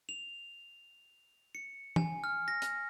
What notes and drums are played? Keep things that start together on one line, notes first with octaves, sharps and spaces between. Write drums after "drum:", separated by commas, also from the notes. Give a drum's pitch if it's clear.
F7
C#7
G#5, drum: tom
F6
A#6
drum: hi-hat